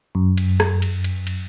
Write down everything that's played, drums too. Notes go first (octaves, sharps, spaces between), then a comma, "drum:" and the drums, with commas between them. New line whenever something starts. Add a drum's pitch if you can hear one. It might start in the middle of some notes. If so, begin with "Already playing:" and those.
F#2
drum: cymbal
drum: rim click
drum: cymbal
drum: cymbal
drum: cymbal